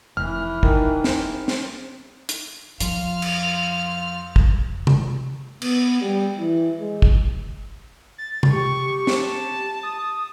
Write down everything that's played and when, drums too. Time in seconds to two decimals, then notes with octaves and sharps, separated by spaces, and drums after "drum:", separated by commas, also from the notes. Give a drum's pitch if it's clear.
0.17 F1 E3 F6
0.63 D#3, drum: kick
1.04 drum: snare
1.48 drum: snare
2.29 drum: hi-hat
2.80 F2 F3 F4 F6, drum: hi-hat
3.22 drum: cymbal
4.36 drum: kick
4.87 drum: tom C3
5.62 B3, drum: cymbal
6.01 G3
6.37 E3
6.79 G#3
7.02 drum: kick
8.18 A6
8.43 drum: tom C3
8.53 G4 C#6
9.07 drum: snare
9.18 A5
9.83 D#6